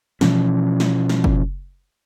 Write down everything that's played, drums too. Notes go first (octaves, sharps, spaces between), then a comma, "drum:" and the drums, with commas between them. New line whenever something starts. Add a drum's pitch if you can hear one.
B2 E3 F3 C#4, drum: snare
drum: snare
drum: snare
drum: kick